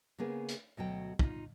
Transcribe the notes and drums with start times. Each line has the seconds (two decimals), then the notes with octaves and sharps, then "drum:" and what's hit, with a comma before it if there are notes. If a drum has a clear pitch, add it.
0.18 C#3 A#3 B3 G#4
0.49 drum: hi-hat
0.77 D2 B2 F#3 G5
1.19 D#4 F4, drum: kick